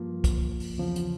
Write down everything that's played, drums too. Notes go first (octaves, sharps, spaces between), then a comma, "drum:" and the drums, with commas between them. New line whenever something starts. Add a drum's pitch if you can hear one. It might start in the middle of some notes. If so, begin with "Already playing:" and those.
Already playing: G2 F3 A#3 F4
drum: kick, hi-hat
drum: open hi-hat
E2 C#3 F3
drum: hi-hat